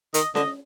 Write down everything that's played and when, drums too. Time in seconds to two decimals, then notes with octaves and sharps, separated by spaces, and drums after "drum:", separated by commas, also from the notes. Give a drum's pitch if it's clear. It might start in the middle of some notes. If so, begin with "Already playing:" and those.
0.14 D#3 D#5, drum: hi-hat
0.35 D3 D#5, drum: snare C#4